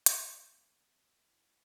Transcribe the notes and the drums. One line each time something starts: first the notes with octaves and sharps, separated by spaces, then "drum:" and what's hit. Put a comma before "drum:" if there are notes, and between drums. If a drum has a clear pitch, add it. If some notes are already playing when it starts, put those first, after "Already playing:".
drum: hi-hat
C#4 C#6
C4 C6
C4 G#5
A3
G#5
C4 F#5
E5
D#4 D#5
E5
E4 F#5